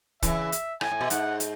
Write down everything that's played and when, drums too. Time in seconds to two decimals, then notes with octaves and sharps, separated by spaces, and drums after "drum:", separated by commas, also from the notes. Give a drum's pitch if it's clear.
0.22 C#3 E3 E5, drum: kick, hi-hat
0.52 drum: hi-hat
0.81 A2 G#5, drum: rim click
0.91 A2
1.01 B2
1.10 G#2 F#5, drum: hi-hat
1.40 drum: hi-hat